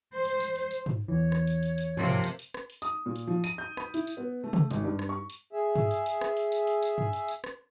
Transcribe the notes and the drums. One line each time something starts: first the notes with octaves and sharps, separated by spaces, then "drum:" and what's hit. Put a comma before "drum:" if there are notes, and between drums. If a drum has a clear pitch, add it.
C5
drum: hi-hat
drum: hi-hat
drum: hi-hat
drum: hi-hat
drum: tom
E2 E3 C#5
drum: rim click
drum: hi-hat
drum: hi-hat
drum: hi-hat
C3 F3 A#3
drum: tom
drum: hi-hat
drum: hi-hat
drum: rim click
drum: hi-hat
D#6, drum: hi-hat
A#2
drum: hi-hat
F3
D#7, drum: hi-hat
G6
B5, drum: rim click
E4, drum: hi-hat
drum: hi-hat
B3
A3
drum: tom
G#1, drum: hi-hat
G2
drum: rim click
C#6
drum: hi-hat
G#4 E5
drum: tom
drum: hi-hat
drum: hi-hat
drum: rim click
drum: hi-hat
drum: hi-hat
drum: hi-hat
drum: hi-hat
drum: tom
drum: hi-hat
drum: hi-hat
drum: rim click